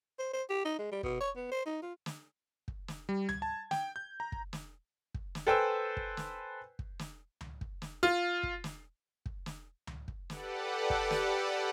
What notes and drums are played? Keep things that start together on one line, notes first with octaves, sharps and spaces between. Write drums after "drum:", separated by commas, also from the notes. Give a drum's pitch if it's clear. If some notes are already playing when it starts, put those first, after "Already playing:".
C5
C5
G4
D#4
G#3
G3
B2, drum: kick
C#5
B3
C5
D#4
F4
drum: snare
drum: kick
drum: snare
G3
G#6, drum: tom C#2
A5
G5, drum: snare
G6
A#5
drum: kick
drum: snare
drum: kick
drum: snare
A4 B4 C5 G5 G#5 E6
drum: kick
drum: snare
drum: kick
drum: snare
drum: tom C#2
drum: kick
drum: snare
F4
drum: kick
drum: snare
drum: kick
drum: snare
drum: tom C#2
drum: kick
G4 A4 B4 D5 F#5, drum: snare
drum: kick
drum: snare